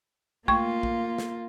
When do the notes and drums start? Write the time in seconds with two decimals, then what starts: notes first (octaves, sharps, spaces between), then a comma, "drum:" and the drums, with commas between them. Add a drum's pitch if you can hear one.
0.48 A3 A#3 F4 C#6, drum: kick A#1
0.83 drum: kick A#1
1.18 drum: snare